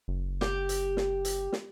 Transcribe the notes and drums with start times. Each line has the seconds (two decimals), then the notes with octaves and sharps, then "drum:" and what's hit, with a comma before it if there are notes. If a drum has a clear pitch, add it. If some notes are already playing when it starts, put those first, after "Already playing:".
0.08 F#1
0.41 G4, drum: snare
0.69 drum: hi-hat
0.97 drum: snare
1.25 drum: hi-hat
1.52 drum: snare